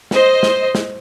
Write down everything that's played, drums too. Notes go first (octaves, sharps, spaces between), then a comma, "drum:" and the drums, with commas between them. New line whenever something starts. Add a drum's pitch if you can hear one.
C5 D#5, drum: snare
drum: snare
drum: snare